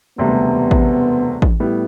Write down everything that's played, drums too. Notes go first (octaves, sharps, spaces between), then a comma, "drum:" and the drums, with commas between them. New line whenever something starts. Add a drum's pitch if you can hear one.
E1 D2 C3 G3 B3
drum: kick A1
drum: kick A1
A2 G3 B3 E4